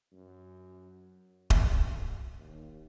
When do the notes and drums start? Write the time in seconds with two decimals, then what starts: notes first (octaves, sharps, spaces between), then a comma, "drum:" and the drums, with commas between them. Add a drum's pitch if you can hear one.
0.12 F#2
1.50 D2, drum: kick D#1
2.38 D#2